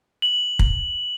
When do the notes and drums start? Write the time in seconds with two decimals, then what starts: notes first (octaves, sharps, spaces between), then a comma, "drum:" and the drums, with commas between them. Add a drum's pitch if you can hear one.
0.22 F#7
0.59 drum: kick